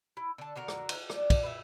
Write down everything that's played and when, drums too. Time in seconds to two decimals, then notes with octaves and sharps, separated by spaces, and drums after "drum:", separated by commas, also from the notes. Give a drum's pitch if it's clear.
0.17 E4
0.38 D3 A5
0.56 D3 F#4 A#4 A#5
0.68 drum: rim click
0.89 drum: cymbal
1.10 D4, drum: rim click
1.30 drum: kick, cymbal
1.43 B4 E5